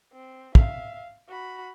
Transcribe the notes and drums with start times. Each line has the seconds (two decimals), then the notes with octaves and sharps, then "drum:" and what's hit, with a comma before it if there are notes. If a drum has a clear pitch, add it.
0.13 C4
0.55 E5 F5, drum: kick
1.28 F#4 B5